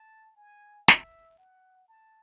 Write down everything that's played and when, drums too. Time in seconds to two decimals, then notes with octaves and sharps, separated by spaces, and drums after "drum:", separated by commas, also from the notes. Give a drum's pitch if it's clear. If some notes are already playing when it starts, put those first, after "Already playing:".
Already playing: A5
0.37 G#5
0.88 E5, drum: snare
1.38 F#5
1.88 A5